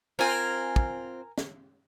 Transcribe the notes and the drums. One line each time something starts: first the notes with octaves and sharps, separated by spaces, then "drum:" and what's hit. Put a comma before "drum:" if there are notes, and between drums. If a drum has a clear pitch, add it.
C4 F4 A#4 G#5
drum: kick
drum: snare